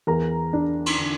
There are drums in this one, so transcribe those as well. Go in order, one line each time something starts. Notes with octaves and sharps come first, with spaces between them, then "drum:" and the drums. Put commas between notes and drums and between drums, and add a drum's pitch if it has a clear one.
E2 A#4 A#5
D4
drum: cymbal
D3